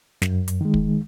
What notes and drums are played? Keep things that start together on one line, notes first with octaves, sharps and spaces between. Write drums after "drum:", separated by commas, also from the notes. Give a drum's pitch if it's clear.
F#2, drum: snare
drum: hi-hat
D#3 G#3
drum: kick